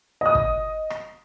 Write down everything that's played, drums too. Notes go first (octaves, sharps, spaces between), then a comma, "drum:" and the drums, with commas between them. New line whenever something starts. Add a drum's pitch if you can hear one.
D#5 D#6
drum: kick
drum: rim click